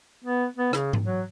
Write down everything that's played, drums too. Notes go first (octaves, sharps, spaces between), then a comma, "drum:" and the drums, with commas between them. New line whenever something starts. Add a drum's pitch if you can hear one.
B3
B3
C#3, drum: rim click
drum: tom G#2
F#3